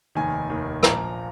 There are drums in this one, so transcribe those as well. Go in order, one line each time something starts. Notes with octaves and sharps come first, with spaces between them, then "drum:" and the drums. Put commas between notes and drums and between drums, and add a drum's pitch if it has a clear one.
F1 D#2 D#3 G#5
F1 D#2 D#3
A#1 A#2 F3 A#5, drum: rim click